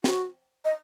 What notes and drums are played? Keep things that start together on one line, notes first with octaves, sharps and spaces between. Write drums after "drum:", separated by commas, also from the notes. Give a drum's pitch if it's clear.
F#4, drum: snare
D#5